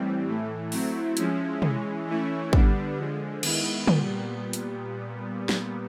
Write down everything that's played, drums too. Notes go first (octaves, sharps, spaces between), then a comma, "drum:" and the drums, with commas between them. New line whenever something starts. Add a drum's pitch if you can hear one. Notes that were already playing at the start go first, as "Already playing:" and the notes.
Already playing: A2 E3 G3 C4
A2 E3 A3
F#3 A3 C4 E4, drum: open hi-hat
F3 G#3 C#4 E4, drum: hi-hat
E3 G#3 C#4, drum: tom
E3 A3 C#4 E4
D3 G3 B3 D4, drum: kick
D3 F3 G#3
D#3 G#3 B3 E4, drum: cymbal
A#2 G3 B3, drum: tom
drum: hi-hat
drum: snare